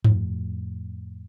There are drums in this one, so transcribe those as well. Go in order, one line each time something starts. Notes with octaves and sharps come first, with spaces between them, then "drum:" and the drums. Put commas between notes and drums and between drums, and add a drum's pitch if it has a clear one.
F2 A2, drum: tom G2